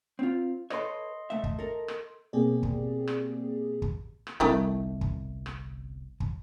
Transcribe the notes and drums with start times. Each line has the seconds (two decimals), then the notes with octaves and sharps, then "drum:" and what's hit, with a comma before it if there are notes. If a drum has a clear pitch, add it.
0.19 C4 F4
0.70 A4 B4 C#5 D#5 C6, drum: rim click
1.30 A3 E5
1.44 drum: kick
1.59 A4 A#4
1.88 drum: rim click
2.33 B2 A#3 C4 G4 G#4 D5
2.63 drum: kick
3.07 drum: rim click
3.82 drum: kick
4.27 drum: rim click
4.40 G1 C2 D#3 G3 A3 C4 E4 G4
5.01 drum: kick
5.46 drum: rim click
6.20 drum: kick